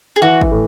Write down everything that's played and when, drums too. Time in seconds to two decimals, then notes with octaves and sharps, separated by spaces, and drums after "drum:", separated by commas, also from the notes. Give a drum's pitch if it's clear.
0.16 G#4
0.22 E3 F#4
0.41 drum: kick G#1
0.51 A2